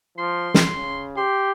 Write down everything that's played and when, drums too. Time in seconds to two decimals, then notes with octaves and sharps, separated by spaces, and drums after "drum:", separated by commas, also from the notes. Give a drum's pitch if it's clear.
0.18 F3 C6
0.54 drum: snare
0.76 C#3
1.17 G4 C6